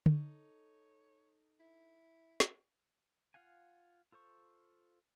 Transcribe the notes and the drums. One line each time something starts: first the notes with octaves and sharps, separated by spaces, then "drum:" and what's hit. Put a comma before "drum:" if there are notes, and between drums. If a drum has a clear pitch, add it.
D#4 A4 C#5, drum: tom D3
E4
drum: snare
F4 F5 F#5 G#5
F4 A4 C5 C#6